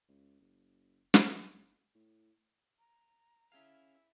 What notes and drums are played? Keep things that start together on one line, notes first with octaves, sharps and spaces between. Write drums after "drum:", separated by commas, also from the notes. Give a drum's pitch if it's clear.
C#2
F#1
F#1, drum: snare
A2
A#5
C#4 E4 G#4 E5 F5